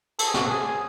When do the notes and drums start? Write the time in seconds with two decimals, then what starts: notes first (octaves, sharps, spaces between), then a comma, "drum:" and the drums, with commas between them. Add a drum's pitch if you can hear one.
0.19 A4, drum: cymbal
0.27 G#4
0.34 F#4, drum: snare
0.45 A4
0.50 G#4
0.66 G#4